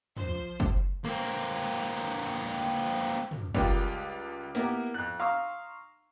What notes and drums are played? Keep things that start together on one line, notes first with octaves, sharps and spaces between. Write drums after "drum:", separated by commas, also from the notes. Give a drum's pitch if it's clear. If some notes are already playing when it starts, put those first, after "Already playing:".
F3 C5, drum: tom
drum: kick
A#3 C4
drum: cymbal
drum: tom
C#2 G3 F4 A#4 G5, drum: kick
A#3 B3 E4 G4 A#4, drum: hi-hat
F2 F#6
F5 A#5 C6 C#6 D#6 E6